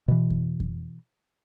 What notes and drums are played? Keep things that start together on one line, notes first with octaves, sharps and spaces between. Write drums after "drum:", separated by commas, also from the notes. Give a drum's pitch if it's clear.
B2 E3
drum: kick F2
drum: kick F2